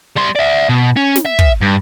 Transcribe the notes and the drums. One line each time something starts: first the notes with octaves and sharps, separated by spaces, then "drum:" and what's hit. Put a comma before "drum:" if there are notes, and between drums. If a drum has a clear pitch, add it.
G3 C6
D5 E5
B2
C#4
drum: snare
E5
drum: kick
G2